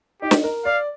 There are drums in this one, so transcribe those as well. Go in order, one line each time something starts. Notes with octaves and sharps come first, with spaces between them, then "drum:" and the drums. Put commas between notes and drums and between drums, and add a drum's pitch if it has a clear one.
D#4 G4
drum: snare
A#4
D5 F5